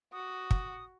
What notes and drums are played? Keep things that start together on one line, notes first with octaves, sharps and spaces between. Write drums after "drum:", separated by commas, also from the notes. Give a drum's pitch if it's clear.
F#4 D#6
drum: kick